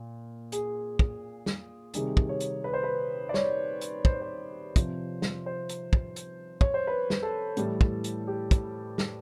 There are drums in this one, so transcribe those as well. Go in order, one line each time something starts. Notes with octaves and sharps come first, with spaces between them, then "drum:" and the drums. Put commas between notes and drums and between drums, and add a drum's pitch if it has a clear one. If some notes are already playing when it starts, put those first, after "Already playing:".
Already playing: A#2
G#4, drum: hi-hat
drum: kick
drum: snare
C3 D#3 G3 G#4, drum: hi-hat
drum: kick
C#5
drum: hi-hat
B4
C5
B4
D5
C#5, drum: snare
drum: hi-hat
C5, drum: kick
C#5
C5
C3 F3, drum: kick, hi-hat
drum: snare
C5
drum: hi-hat
drum: kick
drum: hi-hat
C#5, drum: kick
C5
B4
drum: snare
A4
A2 E3 G3, drum: hi-hat
drum: kick
drum: hi-hat
G4
drum: kick, hi-hat
drum: snare